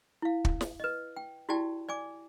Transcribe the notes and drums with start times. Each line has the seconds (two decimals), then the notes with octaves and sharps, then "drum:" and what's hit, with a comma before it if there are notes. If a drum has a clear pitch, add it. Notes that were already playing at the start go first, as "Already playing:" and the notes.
0.22 E4 F5
0.45 drum: kick
0.61 drum: snare
0.80 B4 D#5
1.17 G5
1.49 E4 F#4 G4 D5 G5 A5
1.89 D5 G#5 D6